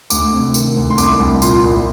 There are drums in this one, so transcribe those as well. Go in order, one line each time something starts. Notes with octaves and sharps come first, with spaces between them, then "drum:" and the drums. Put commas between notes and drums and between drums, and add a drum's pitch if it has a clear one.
D2 D6, drum: tambourine
C3
D#3, drum: tambourine
D2
C6
C2 D6, drum: tambourine
C2
A#2 C6, drum: tambourine
C2